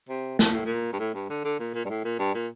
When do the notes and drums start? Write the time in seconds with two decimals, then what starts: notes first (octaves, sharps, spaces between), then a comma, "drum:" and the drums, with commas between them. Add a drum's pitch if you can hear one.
0.09 C3
0.39 A#2, drum: snare
0.52 A2
0.65 A#2
0.93 G2
0.99 A2
1.14 G2
1.30 D3
1.44 D3
1.60 A#2
1.74 A#2
1.85 G2
1.89 A2
2.04 A#2
2.19 G2
2.34 A#2